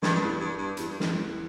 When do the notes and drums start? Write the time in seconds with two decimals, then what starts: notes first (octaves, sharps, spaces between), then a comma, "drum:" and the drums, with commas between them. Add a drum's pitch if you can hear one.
0.03 G2, drum: snare
0.15 G2
0.21 E2
0.40 G2
0.58 G2
0.77 E2, drum: hi-hat
0.89 G2
1.00 E2, drum: snare